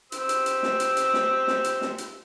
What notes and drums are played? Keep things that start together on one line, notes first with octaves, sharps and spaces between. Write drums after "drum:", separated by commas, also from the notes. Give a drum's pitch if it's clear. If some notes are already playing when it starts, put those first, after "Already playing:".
G4 C5 E6, drum: hi-hat
drum: hi-hat
drum: hi-hat
drum: snare
drum: hi-hat
drum: hi-hat
drum: snare
drum: snare
drum: hi-hat
drum: snare
drum: hi-hat